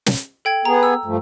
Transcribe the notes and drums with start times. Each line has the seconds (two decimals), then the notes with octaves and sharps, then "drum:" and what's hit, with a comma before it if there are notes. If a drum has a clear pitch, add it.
0.06 drum: snare
0.45 A4 G5 G#6
0.65 B3 G#4 A#5
0.83 E6
1.05 G2 F3 A3